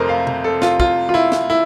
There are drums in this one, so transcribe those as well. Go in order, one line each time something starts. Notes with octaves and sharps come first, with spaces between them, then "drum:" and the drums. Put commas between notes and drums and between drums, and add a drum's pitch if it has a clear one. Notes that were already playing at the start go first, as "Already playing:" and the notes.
Already playing: F2 C3 A3 A#4 C5
F5
drum: tom
A4
F4, drum: snare
F4, drum: kick
F4
E4
drum: snare
E4